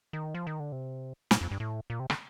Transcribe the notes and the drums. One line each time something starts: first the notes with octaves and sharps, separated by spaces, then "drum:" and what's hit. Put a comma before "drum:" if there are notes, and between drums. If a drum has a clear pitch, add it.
D#3
F3
D#3
D3
C3
A#2, drum: snare
F2
G2
A2
A#2
C3
D3, drum: rim click